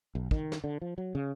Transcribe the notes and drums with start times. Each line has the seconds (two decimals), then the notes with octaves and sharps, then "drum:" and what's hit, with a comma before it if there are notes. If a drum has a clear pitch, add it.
0.15 B1
0.31 D#3, drum: kick
0.52 drum: snare
0.64 D3
0.82 F3
0.98 F#3
1.15 C#3